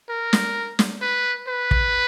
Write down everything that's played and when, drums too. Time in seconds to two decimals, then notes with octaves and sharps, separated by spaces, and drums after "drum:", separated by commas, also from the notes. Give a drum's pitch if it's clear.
0.09 A#4
0.33 drum: snare
0.79 drum: snare
1.01 B4
1.48 B4
1.71 drum: kick